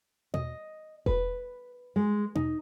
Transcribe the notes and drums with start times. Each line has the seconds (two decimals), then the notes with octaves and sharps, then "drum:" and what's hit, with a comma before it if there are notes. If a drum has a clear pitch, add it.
0.34 D#5, drum: tom
1.06 B4, drum: kick E1
1.96 G#3
2.35 D#4, drum: tom